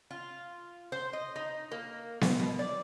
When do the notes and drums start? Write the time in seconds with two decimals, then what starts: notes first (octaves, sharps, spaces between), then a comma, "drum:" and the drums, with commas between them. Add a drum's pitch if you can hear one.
0.11 F4
0.92 C5
1.13 D#5
1.36 D#4
1.71 A#3
2.21 drum: snare B3
2.40 B2
2.59 D5